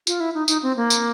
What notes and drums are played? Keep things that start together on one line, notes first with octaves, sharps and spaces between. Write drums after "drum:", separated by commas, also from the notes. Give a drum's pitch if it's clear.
F4, drum: tambourine
E4
D#4
D#4, drum: tambourine
C4
A#3
drum: tambourine